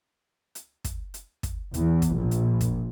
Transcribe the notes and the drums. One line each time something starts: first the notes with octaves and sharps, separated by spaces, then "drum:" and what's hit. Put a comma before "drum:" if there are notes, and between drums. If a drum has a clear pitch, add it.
drum: hi-hat
drum: kick, hi-hat
drum: hi-hat
drum: kick, hi-hat
E2, drum: hi-hat
drum: kick, hi-hat
A#1
drum: hi-hat
drum: kick, hi-hat